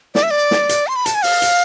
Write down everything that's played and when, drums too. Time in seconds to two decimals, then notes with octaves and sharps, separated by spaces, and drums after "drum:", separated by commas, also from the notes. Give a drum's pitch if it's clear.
0.15 D5, drum: snare
0.23 E5
0.31 D5
0.51 drum: snare
0.69 drum: hi-hat
0.87 C6
0.96 B5
1.06 A5, drum: hi-hat
1.15 G#5
1.24 F5, drum: open hi-hat
1.42 drum: hi-hat